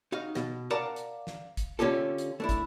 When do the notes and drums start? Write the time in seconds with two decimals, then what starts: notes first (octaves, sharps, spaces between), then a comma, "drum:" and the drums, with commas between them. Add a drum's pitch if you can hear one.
0.12 D#4 F#4 F5
0.35 B2, drum: snare
0.70 A#4 D5 F5 F#5 A5 A#5
0.96 drum: hi-hat
1.27 drum: snare
1.57 drum: kick, hi-hat
1.79 D3 C#4 F4 G4 A4
2.18 drum: hi-hat
2.40 A3 D4 E4
2.49 drum: kick, hi-hat